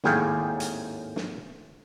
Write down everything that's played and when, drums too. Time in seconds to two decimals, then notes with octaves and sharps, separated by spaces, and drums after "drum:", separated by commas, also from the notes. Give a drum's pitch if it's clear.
0.04 G#1 D#2 A2 G#4 F5 G5, drum: snare
0.60 drum: hi-hat
1.16 drum: snare